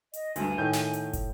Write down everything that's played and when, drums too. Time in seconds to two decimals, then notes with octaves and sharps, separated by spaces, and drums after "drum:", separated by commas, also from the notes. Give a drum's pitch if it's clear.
0.14 D#5, drum: hi-hat
0.36 D2 G2 G#5, drum: hi-hat
0.58 A2 D#3 G6
0.73 drum: snare
0.93 drum: hi-hat
1.13 drum: kick, hi-hat